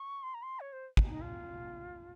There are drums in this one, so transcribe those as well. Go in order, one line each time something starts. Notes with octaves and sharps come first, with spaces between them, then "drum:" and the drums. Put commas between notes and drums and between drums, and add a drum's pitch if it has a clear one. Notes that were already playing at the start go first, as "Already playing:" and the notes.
Already playing: C#6
C6
A#5
C6
C#5
C5
drum: kick
D#4
F4